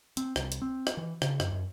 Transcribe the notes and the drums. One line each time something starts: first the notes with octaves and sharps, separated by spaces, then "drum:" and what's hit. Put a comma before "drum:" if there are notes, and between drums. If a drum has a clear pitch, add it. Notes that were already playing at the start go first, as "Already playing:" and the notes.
C4, drum: hi-hat
C2, drum: rim click
drum: hi-hat
C4
drum: rim click
E3
C#3, drum: rim click
F#2, drum: rim click
F#2